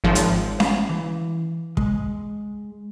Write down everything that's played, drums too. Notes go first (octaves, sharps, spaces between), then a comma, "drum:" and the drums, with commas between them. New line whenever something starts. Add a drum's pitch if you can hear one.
G#1 F3
drum: hi-hat
F5, drum: snare C#4
E3
G#3, drum: kick